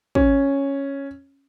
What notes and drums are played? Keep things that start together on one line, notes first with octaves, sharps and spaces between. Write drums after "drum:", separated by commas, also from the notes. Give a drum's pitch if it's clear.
C#4, drum: kick